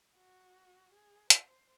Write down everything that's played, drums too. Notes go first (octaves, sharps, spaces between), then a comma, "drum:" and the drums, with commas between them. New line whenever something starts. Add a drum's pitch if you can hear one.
F#4
G#4
C5, drum: hi-hat